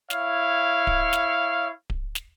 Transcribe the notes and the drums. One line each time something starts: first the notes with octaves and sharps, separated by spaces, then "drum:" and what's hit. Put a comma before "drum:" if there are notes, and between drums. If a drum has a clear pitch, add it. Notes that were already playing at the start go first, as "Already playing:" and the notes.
E4 C#5 F5, drum: snare
drum: kick D1
drum: snare
drum: kick D1
drum: snare